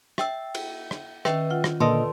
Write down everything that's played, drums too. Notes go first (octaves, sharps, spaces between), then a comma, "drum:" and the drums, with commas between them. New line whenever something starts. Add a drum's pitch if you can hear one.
E5 G5 E6, drum: rim click
drum: cymbal
drum: rim click
D#3 C#4 B4 E5 G5, drum: rim click
F4 F#5
drum: rim click
A#2 D3 A4 B4 D5 D#5 A5 C6